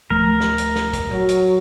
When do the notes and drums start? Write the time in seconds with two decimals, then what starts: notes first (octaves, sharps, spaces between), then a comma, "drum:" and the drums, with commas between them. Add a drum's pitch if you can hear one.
0.10 D1 F3 A3 A#4
0.40 drum: snare
0.58 drum: hi-hat
0.76 drum: snare
0.93 drum: kick, hi-hat
1.11 F#3, drum: tom A2
1.29 drum: hi-hat